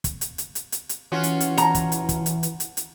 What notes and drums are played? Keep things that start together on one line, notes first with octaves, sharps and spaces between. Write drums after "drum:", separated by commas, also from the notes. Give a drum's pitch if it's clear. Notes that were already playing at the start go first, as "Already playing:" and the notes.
drum: kick, hi-hat
drum: hi-hat
drum: hi-hat
drum: hi-hat
drum: hi-hat
drum: hi-hat
E3 C#4 F4 F#4
drum: hi-hat
drum: hi-hat
A#5, drum: hi-hat
drum: kick, hi-hat
drum: hi-hat
drum: kick, hi-hat
drum: hi-hat
drum: hi-hat
drum: hi-hat
drum: hi-hat